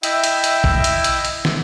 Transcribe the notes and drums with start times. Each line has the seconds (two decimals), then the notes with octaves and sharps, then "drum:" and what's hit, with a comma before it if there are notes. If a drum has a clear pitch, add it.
0.03 E4 D#5 E5 G5, drum: hi-hat
0.24 drum: hi-hat
0.44 drum: hi-hat
0.64 drum: kick
0.84 drum: hi-hat
1.04 drum: hi-hat
1.25 drum: hi-hat
1.45 drum: snare